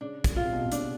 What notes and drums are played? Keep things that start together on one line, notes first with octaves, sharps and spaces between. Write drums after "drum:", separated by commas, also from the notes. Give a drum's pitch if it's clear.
C#3 D4
drum: kick, hi-hat
C#3 F4
C3
B2
C3
C#3 D4, drum: hi-hat